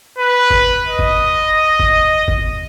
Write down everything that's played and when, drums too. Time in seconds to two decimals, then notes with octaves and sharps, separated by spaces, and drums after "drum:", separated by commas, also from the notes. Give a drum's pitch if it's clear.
0.18 B4
0.51 drum: kick G1
0.87 D#5
0.99 drum: kick G1
1.80 drum: kick G1
2.28 drum: kick G1